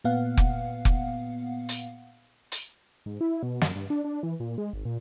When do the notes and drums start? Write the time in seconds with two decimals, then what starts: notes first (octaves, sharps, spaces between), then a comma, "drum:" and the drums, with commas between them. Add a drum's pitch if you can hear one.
0.04 A#2 B3 F5 F#5
0.37 drum: kick F1
0.85 drum: kick F1
1.69 drum: hi-hat
2.52 drum: hi-hat
3.06 G#2
3.21 E4
3.43 B2
3.61 F#2, drum: snare
3.75 G2
3.90 D4
4.04 D4
4.23 E3
4.40 A#2
4.58 G#3
4.73 G#1
4.85 A#2